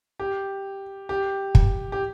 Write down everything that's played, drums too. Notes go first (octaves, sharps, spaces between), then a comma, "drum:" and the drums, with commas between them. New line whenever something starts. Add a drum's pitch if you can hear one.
G4
G4
drum: kick
G4